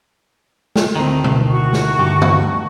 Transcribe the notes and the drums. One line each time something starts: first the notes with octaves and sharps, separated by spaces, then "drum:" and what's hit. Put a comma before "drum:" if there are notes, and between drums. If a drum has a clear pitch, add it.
drum: snare
D2 A2 D#3 C4 A#5
drum: tom B2
F#4 C#6
drum: snare
D2 G2 G4
drum: tom D#3